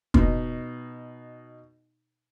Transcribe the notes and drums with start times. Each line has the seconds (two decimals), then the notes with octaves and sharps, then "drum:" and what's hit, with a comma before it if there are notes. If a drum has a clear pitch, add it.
0.14 B2 D#4, drum: kick